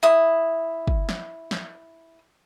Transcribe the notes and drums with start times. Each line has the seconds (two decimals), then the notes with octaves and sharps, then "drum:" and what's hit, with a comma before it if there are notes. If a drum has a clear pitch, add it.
0.03 E4 D#6
0.88 drum: kick
1.09 drum: snare
1.51 drum: snare